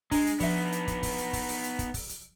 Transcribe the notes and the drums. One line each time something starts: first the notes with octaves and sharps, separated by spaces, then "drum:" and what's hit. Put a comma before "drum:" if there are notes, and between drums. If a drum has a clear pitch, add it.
G#3 D4, drum: kick, open hi-hat
drum: hi-hat
F3 B3 D#4 E5, drum: kick, open hi-hat
drum: hi-hat
drum: kick, hi-hat
drum: kick, open hi-hat
drum: hi-hat
drum: kick, open hi-hat
drum: open hi-hat
drum: hi-hat
drum: kick, hi-hat
drum: kick, open hi-hat
drum: hi-hat